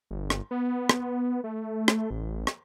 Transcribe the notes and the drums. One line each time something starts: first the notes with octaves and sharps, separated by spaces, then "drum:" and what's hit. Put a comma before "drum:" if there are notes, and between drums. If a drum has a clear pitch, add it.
G1
drum: rim click
B3
drum: rim click
A3
drum: rim click
A1
drum: rim click